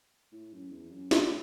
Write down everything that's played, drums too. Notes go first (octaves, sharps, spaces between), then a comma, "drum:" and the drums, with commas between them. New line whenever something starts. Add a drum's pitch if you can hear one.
A2
F#2
E2
F#2
G#2, drum: snare